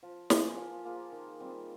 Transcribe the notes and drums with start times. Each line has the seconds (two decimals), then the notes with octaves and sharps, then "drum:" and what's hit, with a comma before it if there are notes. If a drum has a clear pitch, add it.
0.03 F3
0.30 A#3 F4 G#4, drum: snare
0.57 F3
0.84 A#3 F4 G#4
1.12 D#3
1.40 G3 C4